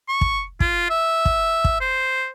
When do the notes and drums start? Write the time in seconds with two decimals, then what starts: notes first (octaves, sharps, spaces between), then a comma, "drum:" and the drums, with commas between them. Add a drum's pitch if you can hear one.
0.09 C#6
0.21 drum: kick
0.60 F4, drum: kick
0.90 E5
1.25 drum: kick
1.65 drum: kick
1.80 C5